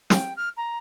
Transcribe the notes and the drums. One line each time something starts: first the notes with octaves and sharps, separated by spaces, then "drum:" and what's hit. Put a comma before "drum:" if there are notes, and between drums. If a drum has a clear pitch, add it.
G5, drum: snare
F6
A#5